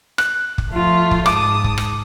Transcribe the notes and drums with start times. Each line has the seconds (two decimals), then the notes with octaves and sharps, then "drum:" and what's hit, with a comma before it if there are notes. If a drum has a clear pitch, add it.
0.18 F#6, drum: rim click
0.58 drum: kick
0.68 F3 A3 F4
1.11 drum: kick
1.26 G#2 A5 D6 D#6, drum: rim click
1.64 drum: kick
1.78 drum: rim click